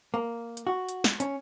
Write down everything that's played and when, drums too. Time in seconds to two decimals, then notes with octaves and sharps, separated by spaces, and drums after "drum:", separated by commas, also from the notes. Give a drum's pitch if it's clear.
0.14 A#3
0.57 drum: hi-hat
0.67 F#4
0.89 drum: hi-hat
1.04 drum: snare
1.20 C#4, drum: hi-hat